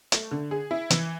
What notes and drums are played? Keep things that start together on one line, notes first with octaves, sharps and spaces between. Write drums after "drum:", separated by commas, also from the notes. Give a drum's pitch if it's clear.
A3, drum: hi-hat
D3
G#4
E4
E3, drum: hi-hat